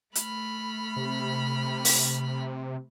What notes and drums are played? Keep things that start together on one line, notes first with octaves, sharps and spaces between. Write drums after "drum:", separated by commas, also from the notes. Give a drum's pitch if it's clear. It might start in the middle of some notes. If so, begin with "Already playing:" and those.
A3 B5 F6, drum: hi-hat
C3
drum: open hi-hat